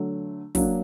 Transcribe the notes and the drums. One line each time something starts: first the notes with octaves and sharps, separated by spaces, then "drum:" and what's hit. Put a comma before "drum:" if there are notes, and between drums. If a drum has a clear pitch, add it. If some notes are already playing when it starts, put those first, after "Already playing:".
Already playing: D3 F#3 A3
F#3 A#3 D4, drum: kick, open hi-hat